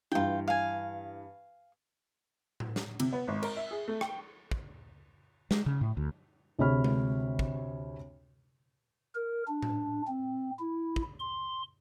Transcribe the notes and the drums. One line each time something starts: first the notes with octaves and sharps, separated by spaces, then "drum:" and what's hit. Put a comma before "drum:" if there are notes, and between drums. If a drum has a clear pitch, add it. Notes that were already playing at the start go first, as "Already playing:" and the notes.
G2 E3 F4 G5
F5 G#5
drum: tom A2
drum: snare
C3, drum: cymbal
B3
G#1
A#4, drum: cymbal
E5
G#4
A3
G5, drum: rim click
drum: kick
G#3, drum: snare
C#3
A2
D2
D2 C3 G#4 C#5 B5 F6
drum: tom G#3
drum: kick
A#4
D4
drum: tom A2
C4
E4
drum: kick
C6